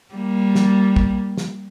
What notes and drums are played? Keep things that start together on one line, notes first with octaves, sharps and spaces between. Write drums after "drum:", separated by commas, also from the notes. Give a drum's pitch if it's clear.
G3 A#3
drum: snare
drum: kick
drum: snare